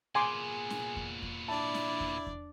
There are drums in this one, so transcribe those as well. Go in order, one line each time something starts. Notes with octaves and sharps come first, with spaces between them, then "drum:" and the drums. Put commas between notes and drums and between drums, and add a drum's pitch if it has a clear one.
A#2 B3 G#4 G#5 C6 D6
drum: snare
drum: kick E2
drum: kick E2
D4 E4 D5 A5
drum: snare
drum: kick E2
drum: kick E2